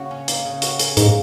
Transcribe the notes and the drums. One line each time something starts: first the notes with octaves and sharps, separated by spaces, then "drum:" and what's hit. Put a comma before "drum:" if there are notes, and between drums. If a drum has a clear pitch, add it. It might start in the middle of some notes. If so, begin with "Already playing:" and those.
Already playing: C#3 A#3 F#4
C#4
A#3, drum: hi-hat
C#3
F#4, drum: hi-hat
C#4, drum: hi-hat
G#2 A#3, drum: hi-hat